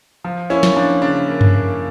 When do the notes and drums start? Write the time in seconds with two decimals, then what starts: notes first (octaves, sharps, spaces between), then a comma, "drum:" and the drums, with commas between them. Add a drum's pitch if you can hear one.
0.24 F3
0.50 A#3 C#4 E4
0.63 drum: snare
0.77 F3 D4
1.02 C#3 D4
1.28 A#3
1.41 drum: tom F#2
1.54 A#3